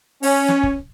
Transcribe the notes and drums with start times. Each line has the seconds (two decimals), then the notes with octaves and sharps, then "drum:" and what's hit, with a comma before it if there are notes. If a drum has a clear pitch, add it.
0.23 C#4, drum: open hi-hat
0.48 drum: snare
0.63 drum: kick